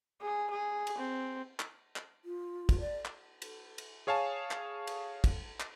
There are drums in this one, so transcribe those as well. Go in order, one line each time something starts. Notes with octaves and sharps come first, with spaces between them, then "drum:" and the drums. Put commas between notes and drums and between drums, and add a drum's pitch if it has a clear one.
G#4
G#4
drum: cymbal
C4
drum: clap
drum: clap
F4
drum: kick, cymbal
D5
drum: clap
drum: cymbal
drum: cymbal
G#4 C#5 F5 G#5 A5
drum: clap
drum: cymbal
drum: kick, cymbal
drum: clap